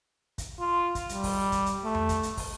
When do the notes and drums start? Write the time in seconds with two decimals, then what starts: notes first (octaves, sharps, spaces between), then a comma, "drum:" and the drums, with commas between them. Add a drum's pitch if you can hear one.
0.38 drum: kick, hi-hat
0.60 F4
0.95 drum: kick, hi-hat
1.09 G3, drum: hi-hat
1.23 drum: kick, open hi-hat
1.52 drum: kick, hi-hat
1.66 drum: hi-hat
1.84 A3
1.95 drum: tom E2
2.09 drum: kick, hi-hat
2.23 drum: hi-hat
2.37 drum: kick, open hi-hat